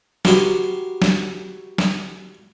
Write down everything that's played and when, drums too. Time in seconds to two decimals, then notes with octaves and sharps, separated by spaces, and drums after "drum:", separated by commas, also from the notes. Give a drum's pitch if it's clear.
0.25 F#4 G4 A#4 B4 C6, drum: snare
1.02 drum: snare
1.78 drum: snare